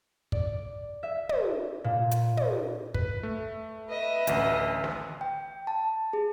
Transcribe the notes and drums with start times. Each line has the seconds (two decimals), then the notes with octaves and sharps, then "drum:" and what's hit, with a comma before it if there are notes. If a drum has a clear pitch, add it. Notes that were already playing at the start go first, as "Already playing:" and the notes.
0.32 D5, drum: kick
1.03 E5
1.29 drum: tom
1.84 A#2
2.11 drum: hi-hat
2.37 drum: tom
2.94 B4, drum: kick
3.23 A3
3.88 B4 D#5 E5
4.27 A1 D2, drum: hi-hat
4.84 drum: snare
5.21 G5
5.67 A5
6.13 G#4